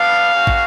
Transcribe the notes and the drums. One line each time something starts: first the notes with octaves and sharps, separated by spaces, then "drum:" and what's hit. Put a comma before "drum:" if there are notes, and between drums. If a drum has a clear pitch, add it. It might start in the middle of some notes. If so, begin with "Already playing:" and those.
Already playing: G3 B3 D4 F5
A#3 C#4 F#4
drum: kick